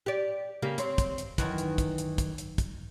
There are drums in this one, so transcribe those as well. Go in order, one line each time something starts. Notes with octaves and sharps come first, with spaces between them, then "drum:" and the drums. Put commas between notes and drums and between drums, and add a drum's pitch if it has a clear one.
G4 D5
C#3 A#3 G4
C4 C#5, drum: hi-hat
drum: kick, hi-hat
drum: hi-hat
F#2 D#3 E3, drum: kick, hi-hat
drum: hi-hat
drum: kick, hi-hat
drum: hi-hat
drum: kick, hi-hat
drum: hi-hat
drum: kick, hi-hat